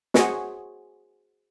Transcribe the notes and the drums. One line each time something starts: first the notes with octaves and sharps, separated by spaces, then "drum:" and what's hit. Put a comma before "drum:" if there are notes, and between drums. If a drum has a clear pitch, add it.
F#4 G#4 C5 D#5 G#5 C#6, drum: snare